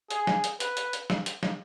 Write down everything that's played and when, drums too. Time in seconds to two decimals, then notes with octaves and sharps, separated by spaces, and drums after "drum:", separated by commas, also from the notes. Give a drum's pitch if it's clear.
0.11 G#4, drum: hi-hat
0.27 drum: snare
0.44 drum: hi-hat
0.60 B4, drum: hi-hat
0.77 drum: hi-hat
0.93 drum: hi-hat
1.10 drum: snare
1.26 drum: hi-hat
1.43 drum: snare